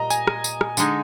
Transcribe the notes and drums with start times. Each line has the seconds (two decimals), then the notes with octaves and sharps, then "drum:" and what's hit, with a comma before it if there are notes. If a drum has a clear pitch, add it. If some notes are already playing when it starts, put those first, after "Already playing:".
Already playing: A#2 G3 D#5 A#5
0.10 G#5, drum: tambourine
0.27 drum: rim click
0.44 drum: tambourine
0.61 drum: rim click
0.77 D3 G#3 D#4 G#4, drum: tambourine